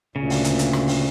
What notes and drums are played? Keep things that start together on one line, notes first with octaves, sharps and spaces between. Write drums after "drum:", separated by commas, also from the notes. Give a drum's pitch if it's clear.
D2 A#2 C#3
drum: open hi-hat
drum: hi-hat
drum: hi-hat
drum: rim click
drum: open hi-hat